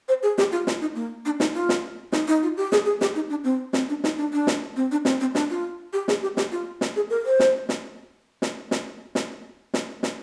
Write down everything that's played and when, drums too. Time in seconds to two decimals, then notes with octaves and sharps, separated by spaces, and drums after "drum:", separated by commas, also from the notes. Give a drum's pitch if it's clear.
0.08 C5
0.23 G#4
0.38 G4, drum: snare
0.52 F4
0.67 F4, drum: snare
0.81 D#4
0.95 A#3
1.25 D4
1.40 D#4, drum: snare
1.55 F4
1.69 drum: snare
2.12 D#4, drum: snare
2.28 D#4
2.43 F4
2.57 G4
2.72 G#4, drum: snare
2.85 G#4
3.01 G4, drum: snare
3.15 D#4
3.30 D4
3.44 C4
3.73 C4, drum: snare
3.89 D4
4.04 D#4, drum: snare
4.18 D4
4.33 D4
4.47 drum: snare
4.76 C4
4.91 D4
5.05 C4, drum: snare
5.20 C4
5.35 D4, drum: snare
5.50 F4
5.93 G4
6.08 G#4, drum: snare
6.22 G4
6.37 G4, drum: snare
6.52 F4
6.81 drum: snare
6.96 G#4
7.10 A#4
7.26 C5
7.40 drum: snare
7.69 drum: snare
8.42 drum: snare
8.71 drum: snare
9.15 drum: snare
9.74 drum: snare
10.03 drum: snare